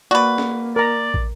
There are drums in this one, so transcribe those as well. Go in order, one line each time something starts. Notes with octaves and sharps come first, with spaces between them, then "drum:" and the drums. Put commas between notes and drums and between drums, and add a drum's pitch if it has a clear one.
A#3 F#4 B4 D5
drum: snare
A#4 D5 A#5
drum: kick